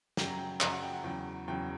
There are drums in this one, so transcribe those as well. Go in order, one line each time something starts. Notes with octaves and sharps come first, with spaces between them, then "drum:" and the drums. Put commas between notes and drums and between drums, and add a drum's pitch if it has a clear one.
F#2 C#3 F#3 G5, drum: snare
A#5
G5
F#2 C#3 F#3 A#5, drum: clap
F#5
G5
F#5
E2 C#3 F#3 G5
E2 C#3 F#3 G5